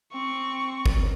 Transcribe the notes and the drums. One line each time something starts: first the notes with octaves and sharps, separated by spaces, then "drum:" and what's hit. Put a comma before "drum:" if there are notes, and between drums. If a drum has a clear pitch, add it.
C4 C#6
drum: kick